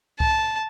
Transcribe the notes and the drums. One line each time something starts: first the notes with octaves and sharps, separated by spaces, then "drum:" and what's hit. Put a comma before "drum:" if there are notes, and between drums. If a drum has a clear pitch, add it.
A5, drum: kick C2